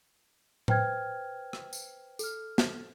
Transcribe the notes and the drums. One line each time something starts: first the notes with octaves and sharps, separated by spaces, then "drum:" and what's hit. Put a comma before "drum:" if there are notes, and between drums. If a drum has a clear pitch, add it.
B4 C5 G5 F6 G#6, drum: tom A2
drum: rim click
drum: tambourine
A4 F6, drum: tambourine
drum: snare